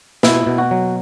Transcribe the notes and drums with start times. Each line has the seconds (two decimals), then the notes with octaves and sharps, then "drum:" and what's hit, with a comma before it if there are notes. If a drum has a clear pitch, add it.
0.23 B2 E4, drum: snare
0.47 B2
0.58 F#4
0.71 F#3